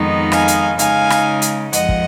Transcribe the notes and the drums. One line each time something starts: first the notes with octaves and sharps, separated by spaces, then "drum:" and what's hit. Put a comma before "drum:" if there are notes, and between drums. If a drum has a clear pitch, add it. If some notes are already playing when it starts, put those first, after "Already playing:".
Already playing: F2 D#3 G#3 B3 D#4
F5 G#5, drum: rim click
drum: hi-hat
C#3 G#3 D#4 F5 G#5, drum: hi-hat
drum: rim click
drum: hi-hat
F2 F3 G#3 D#5 F#5, drum: hi-hat
drum: kick